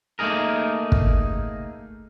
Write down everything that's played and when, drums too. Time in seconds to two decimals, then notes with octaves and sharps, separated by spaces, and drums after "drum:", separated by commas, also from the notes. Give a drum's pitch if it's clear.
0.19 A3 A#3 D#4 G#4 A#4
0.92 drum: kick